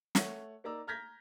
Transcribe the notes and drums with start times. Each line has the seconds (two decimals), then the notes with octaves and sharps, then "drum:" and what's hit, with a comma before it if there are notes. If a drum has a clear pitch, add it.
0.15 A3 C#5 F#5, drum: snare
0.64 A#3 D#4 D5 A#5 E6
0.87 A#5 F6 G6 G#6 A#6 B6